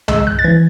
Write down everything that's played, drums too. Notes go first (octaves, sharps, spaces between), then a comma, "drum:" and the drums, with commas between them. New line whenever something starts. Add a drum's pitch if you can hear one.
G#3 E6, drum: tom C2
F#6
A6
E3 G#6